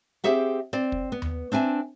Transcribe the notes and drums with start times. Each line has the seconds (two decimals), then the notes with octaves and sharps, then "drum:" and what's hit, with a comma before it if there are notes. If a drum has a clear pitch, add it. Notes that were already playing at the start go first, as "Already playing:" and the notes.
0.24 C4 G4 G#4 E5 F#5
0.73 C4 D5
0.92 drum: kick
1.12 B3
1.22 drum: tom D#2
1.52 C4 D4 E5 G#5